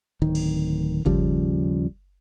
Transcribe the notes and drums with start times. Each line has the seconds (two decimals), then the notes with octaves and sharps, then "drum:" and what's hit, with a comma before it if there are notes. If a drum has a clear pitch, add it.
0.22 D1 D#3
0.35 drum: cymbal
1.05 D#2 C#3 F3 G3, drum: kick G1